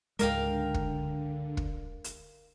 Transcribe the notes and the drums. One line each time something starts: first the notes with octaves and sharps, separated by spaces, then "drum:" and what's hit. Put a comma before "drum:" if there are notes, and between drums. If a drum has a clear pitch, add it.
C#2 G#2 D3 G#3 A#4 F5 G5, drum: hi-hat
drum: kick
drum: kick
drum: hi-hat